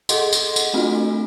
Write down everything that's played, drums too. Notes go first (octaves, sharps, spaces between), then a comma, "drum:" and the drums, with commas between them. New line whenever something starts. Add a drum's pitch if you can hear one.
G#4 A4 D#5 F#5 C6, drum: tambourine
drum: tambourine
drum: tambourine
A3 C4 D4 F4 F#4